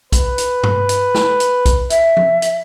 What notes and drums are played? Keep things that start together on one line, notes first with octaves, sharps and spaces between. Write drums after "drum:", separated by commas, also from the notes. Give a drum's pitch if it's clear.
B4, drum: kick B1, hi-hat
drum: hi-hat
drum: tom G2
drum: hi-hat
drum: snare
drum: hi-hat
drum: kick B1, hi-hat
E5, drum: hi-hat
drum: tom F3
drum: hi-hat